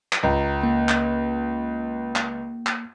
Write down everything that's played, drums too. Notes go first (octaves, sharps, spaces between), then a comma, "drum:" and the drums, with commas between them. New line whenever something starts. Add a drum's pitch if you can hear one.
drum: clap
C#2 A#5
A#3
drum: clap
drum: clap
drum: clap